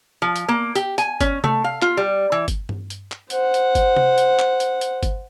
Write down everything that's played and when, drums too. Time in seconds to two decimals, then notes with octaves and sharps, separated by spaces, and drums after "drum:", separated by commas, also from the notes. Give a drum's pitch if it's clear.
0.22 F3
0.36 drum: hi-hat
0.48 A#3
0.75 G4, drum: hi-hat
0.98 G#5, drum: hi-hat
1.21 C#4, drum: kick G1, hi-hat
1.44 A3, drum: tom C3
1.64 F5
1.82 F4, drum: clap
1.97 G3
2.32 E3
2.48 drum: kick G1, hi-hat
2.69 drum: tom G2
2.90 drum: hi-hat
3.12 drum: clap
3.30 C5 F#5, drum: hi-hat
3.54 drum: hi-hat
3.75 drum: kick G1, hi-hat
3.96 drum: tom C3
4.18 drum: hi-hat
4.39 drum: clap
4.60 drum: hi-hat
4.81 drum: hi-hat
5.03 drum: kick G1, hi-hat